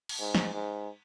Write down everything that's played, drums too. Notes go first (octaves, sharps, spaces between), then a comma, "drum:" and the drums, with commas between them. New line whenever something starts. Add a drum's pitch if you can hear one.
drum: cymbal
G#2
drum: snare
G#2